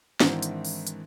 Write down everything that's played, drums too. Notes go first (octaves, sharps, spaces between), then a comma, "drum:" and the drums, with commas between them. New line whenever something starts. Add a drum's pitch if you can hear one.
G#2 D#3 E3 C4 D4 E4, drum: snare
drum: hi-hat
drum: open hi-hat
drum: hi-hat